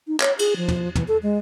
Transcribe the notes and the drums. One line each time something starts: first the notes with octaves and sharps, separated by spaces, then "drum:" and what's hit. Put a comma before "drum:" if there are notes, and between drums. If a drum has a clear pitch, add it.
D#4
C#5, drum: clap
G#4, drum: cymbal
F3
drum: tom
E3, drum: tom
A4
G#3